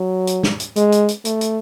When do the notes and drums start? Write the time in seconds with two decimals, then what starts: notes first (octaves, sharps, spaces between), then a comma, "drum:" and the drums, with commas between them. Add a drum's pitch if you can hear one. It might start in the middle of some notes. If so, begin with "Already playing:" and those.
Already playing: F#3
0.27 drum: hi-hat
0.43 drum: snare
0.60 drum: hi-hat
0.76 G#3, drum: hi-hat
0.92 drum: hi-hat
1.09 drum: hi-hat
1.25 A3, drum: hi-hat
1.41 drum: hi-hat